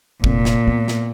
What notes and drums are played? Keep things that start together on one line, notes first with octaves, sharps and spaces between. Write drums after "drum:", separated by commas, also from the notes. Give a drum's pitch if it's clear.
F1 A#2 C4, drum: kick
drum: snare
B3
drum: snare